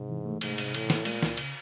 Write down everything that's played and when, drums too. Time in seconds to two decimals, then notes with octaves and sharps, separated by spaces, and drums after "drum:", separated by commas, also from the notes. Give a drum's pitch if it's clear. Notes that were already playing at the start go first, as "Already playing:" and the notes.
Already playing: G#2 C3
0.10 E3
0.26 A3
0.41 G#2 C3, drum: cymbal
0.58 C3, drum: cymbal
0.74 A2 E3, drum: cymbal
0.90 A3, drum: snare
1.05 A#2 G#3, drum: cymbal
1.23 C#2, drum: snare
1.37 C#3, drum: cymbal